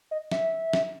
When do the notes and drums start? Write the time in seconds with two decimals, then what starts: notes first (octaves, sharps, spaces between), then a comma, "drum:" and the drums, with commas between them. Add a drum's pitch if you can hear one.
0.11 D#5
0.31 E5, drum: snare
0.73 drum: snare